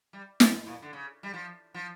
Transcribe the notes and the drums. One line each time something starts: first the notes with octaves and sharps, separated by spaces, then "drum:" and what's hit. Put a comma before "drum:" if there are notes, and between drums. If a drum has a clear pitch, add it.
G3
F3, drum: snare
A#2
D3
C#3
G3
F3
F3